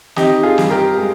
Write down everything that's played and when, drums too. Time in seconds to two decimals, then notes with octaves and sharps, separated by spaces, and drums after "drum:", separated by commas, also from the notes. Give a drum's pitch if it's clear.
0.16 C4 D#4 G4, drum: snare
0.43 F4 G#4
0.58 G2, drum: snare
0.70 G4 A#4
0.97 G#3